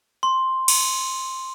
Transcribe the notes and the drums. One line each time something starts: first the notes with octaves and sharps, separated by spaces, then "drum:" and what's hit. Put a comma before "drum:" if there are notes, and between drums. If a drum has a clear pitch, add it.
C6
drum: cymbal